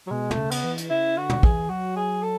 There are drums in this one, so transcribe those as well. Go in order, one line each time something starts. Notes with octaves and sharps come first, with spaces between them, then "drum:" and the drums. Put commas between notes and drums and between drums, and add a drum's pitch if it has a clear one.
F#3
B2 G#3
A3, drum: tom
C#3
B3, drum: cymbal
E3
drum: hi-hat
C#3 E4
D3 F#4
drum: tom
E3 G#4, drum: kick
F#3 F#4
G#4
A4